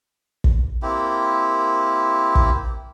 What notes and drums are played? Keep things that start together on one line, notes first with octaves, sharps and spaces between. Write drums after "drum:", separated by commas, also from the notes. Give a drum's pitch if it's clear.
drum: kick
A#3 C4 E4 G4
drum: kick